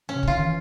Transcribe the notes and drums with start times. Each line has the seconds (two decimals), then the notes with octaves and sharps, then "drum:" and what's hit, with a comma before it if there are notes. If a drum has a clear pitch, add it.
0.09 C#4
0.15 C3
0.23 C#3, drum: kick
0.28 D3 F4
0.37 D#3
0.45 E3